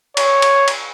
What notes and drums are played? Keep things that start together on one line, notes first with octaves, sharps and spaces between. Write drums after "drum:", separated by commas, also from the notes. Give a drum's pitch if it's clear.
C#5, drum: cymbal
drum: cymbal
drum: cymbal